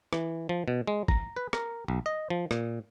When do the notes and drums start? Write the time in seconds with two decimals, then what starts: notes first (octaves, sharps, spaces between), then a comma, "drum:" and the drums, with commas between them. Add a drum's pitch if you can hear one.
0.13 E3, drum: rim click
0.49 F3
0.68 B2
0.87 G#3
1.08 A#5, drum: kick
1.36 B4
1.53 A#4, drum: rim click
1.88 B1
2.06 D#5
2.30 F3
2.51 A#2, drum: rim click